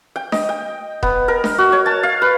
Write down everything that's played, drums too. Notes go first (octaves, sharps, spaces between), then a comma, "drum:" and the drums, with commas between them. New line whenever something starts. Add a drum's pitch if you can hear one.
G5
D#5, drum: snare D4
G5
B3, drum: kick E1
A#4
drum: snare D4
F#4
C#5
A5
F5
B4